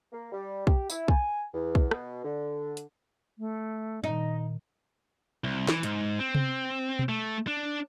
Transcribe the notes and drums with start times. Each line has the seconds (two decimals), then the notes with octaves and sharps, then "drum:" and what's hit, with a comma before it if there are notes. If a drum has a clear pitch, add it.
0.12 A#3
0.32 G3
0.67 G4, drum: kick
0.90 E4, drum: tambourine
1.08 G#5, drum: kick
1.54 E2
1.75 drum: kick
1.91 B2, drum: rim click
2.25 D3
2.77 drum: hi-hat
3.39 A3
4.04 A#2 D#3 D#4 D#5
5.44 C2
5.68 E3, drum: snare
5.83 G#2, drum: hi-hat
6.20 C4
6.35 drum: tom C3
6.99 drum: tom B2
7.09 A3
7.47 D4